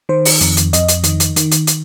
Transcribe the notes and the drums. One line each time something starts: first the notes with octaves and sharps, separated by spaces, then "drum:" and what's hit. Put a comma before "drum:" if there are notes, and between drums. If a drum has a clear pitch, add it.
D#3 C5
drum: open hi-hat
F2, drum: hi-hat
drum: hi-hat
F2 D#5, drum: hi-hat
drum: hi-hat
D#3, drum: hi-hat
drum: hi-hat
D#3, drum: hi-hat
drum: hi-hat
drum: hi-hat